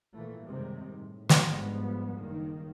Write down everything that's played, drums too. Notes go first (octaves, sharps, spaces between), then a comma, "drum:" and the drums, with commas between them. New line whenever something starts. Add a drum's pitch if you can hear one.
A#2 E3 A3
F#2 C3 D#3 G3 G#3
A2
drum: snare
G1 G#2 F3 G3 G#3 B3
F#1 G2 D#3 A#3